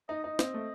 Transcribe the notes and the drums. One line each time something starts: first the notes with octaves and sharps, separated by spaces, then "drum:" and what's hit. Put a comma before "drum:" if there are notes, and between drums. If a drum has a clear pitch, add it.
D#4 D#5
D#4 D#5
C4, drum: snare
A3